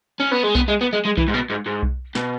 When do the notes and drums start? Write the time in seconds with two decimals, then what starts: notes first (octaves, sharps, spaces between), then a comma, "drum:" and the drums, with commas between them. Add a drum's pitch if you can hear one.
0.20 C#4
0.32 B3
0.44 G#3
0.55 B3, drum: kick B1
0.68 G#3
0.81 B3
0.93 G#3
1.05 G#3
1.17 E3, drum: kick B1
1.28 G#2
1.34 B2
1.50 G#2
1.66 G#2
1.83 drum: kick B1
2.15 B2, drum: snare